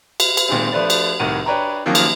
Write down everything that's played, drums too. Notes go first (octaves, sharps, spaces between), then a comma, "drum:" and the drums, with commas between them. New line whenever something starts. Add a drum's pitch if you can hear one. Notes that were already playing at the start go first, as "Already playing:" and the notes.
drum: cymbal
drum: cymbal
A#2 D#3 G#3 C4
F3 A3 D4 B4 C5 D5
drum: cymbal
C2 A2 D#3 A#4 F#5 D#7
D4 B4 C#5 G5 A#5
D#3 F3 F#3 A#3 C#4
drum: cymbal